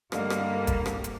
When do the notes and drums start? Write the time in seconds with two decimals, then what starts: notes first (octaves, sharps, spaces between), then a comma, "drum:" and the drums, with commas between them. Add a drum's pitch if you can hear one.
0.12 G2 D3 D#3 G3 A#3 F5, drum: rim click
0.30 drum: rim click
0.67 drum: kick, hi-hat
0.86 drum: rim click
1.04 drum: hi-hat